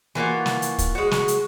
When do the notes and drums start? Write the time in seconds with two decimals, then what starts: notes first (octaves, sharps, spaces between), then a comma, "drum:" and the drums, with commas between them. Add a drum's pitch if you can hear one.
0.15 E3 A#3 F4 F#4
0.46 drum: snare
0.62 drum: hi-hat
0.78 drum: kick, hi-hat
0.95 G#3 F#4
1.11 drum: snare
1.28 drum: hi-hat